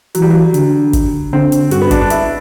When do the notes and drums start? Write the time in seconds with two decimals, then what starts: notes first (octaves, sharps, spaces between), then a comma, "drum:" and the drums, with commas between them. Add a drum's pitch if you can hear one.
0.15 E3 F#3, drum: hi-hat
0.22 G3
0.30 F#3
0.54 D3, drum: hi-hat
0.93 drum: kick, hi-hat
1.33 D3 C4
1.52 drum: hi-hat
1.71 G2 F#4, drum: hi-hat
1.82 B3
1.91 D4, drum: kick, hi-hat
2.01 D4
2.10 E4, drum: hi-hat